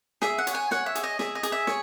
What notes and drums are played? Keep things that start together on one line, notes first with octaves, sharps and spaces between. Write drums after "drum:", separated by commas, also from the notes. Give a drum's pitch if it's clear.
G#4 E5, drum: snare
F#5
C#5, drum: hi-hat
G#5
C#5 F#5, drum: snare
E5
G#4, drum: hi-hat
D#5
G#4 E5, drum: snare
D#5
G#4, drum: hi-hat
E5
C#5, drum: snare